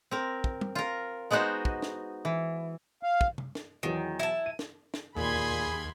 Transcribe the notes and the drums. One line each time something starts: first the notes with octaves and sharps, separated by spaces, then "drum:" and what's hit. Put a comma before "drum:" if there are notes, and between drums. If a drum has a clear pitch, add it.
C4 A#4
drum: kick
drum: tom
F4 A#4
G#3 B3 D#4 F#4 C5 D#5
drum: kick
drum: snare
E3
F5
drum: kick
drum: tom C3
drum: snare
E2 D#3 E3 F#3
E4 A5
D#7
drum: snare
drum: snare
D#2 A#2 G#4 B5 C6 G#6